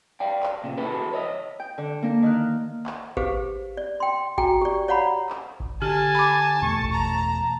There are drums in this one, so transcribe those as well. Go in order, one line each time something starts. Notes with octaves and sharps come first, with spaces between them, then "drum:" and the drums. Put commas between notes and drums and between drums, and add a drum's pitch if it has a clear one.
D5 F5 G5
drum: clap
A#2 C#3
E4 F#4 G#4 A4 B4 C5
C#5 D#5 E5
G5
D3
A#3 D4
D#3 F6 F#6
drum: clap
G4 G#4 B4 C5 F5, drum: kick G#1
D5
G5 C6
F#4 G#4 G5 G#5 A#5, drum: kick G#1
G4 D5
C#5 D5 F5 F#5 A#5 B5
drum: clap
drum: kick G#1
D3 G4 G#5 A5
B5 D6
E2 B2 A3 C#6
drum: kick G#1
A5 A#5